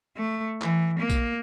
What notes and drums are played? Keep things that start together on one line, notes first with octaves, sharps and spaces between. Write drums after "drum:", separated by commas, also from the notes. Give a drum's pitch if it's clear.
A3
E3, drum: clap
A#3
drum: kick, tambourine